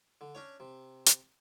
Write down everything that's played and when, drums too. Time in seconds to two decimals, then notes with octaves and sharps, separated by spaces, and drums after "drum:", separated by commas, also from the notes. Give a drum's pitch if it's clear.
0.21 D3
0.35 C#4 D4 C#5
0.60 C3
1.06 drum: hi-hat